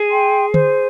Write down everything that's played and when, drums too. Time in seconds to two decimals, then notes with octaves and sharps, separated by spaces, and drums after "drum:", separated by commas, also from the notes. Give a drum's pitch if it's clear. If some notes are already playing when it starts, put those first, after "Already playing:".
Already playing: G#4
0.10 G5 C6
0.54 C5, drum: tom D3